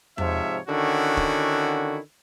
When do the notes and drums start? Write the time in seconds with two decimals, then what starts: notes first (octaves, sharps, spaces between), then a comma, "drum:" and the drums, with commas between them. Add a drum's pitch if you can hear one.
0.18 G#2 C3 F3 C#5 E5, drum: tom E2
0.69 D3 D#3 C#4 E4 F#4
1.17 drum: kick